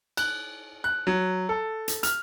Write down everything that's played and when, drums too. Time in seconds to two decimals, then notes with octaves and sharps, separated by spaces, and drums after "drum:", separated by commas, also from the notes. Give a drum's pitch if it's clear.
0.17 F#6, drum: cymbal
0.84 F#6
1.07 F#3
1.49 A4
1.88 drum: hi-hat
2.03 F6, drum: hi-hat